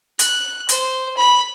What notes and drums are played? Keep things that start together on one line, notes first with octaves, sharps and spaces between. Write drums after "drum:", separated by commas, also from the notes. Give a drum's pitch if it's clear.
F#6, drum: hi-hat
C5, drum: hi-hat
B5